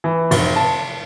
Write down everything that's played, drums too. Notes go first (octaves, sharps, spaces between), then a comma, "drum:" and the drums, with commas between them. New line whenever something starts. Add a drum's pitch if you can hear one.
E3
F1, drum: cymbal
A5